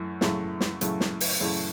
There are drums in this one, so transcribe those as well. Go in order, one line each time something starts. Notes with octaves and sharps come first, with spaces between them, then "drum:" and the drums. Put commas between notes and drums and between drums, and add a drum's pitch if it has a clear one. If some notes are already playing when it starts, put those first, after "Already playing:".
Already playing: F#2 E3 A3
F#2 C#3 E3 A3, drum: snare
drum: snare
F#2 C#3 E3 A3, drum: hi-hat
drum: snare
drum: open hi-hat
F#2 C#3 E3 A3